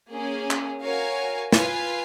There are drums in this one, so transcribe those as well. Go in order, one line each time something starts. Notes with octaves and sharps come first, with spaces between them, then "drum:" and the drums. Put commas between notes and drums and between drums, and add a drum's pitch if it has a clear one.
A#3 C#4 G#4
drum: clap
F#4 A#4 C#5 F5 G#5
F4 B4 F5 G#5, drum: snare